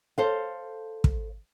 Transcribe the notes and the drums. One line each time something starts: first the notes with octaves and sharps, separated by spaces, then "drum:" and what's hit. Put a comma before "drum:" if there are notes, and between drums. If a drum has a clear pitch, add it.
A4 C5 F5
drum: kick